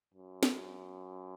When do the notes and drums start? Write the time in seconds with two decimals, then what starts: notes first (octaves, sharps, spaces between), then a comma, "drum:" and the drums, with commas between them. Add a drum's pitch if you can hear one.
0.14 F#2
0.43 drum: snare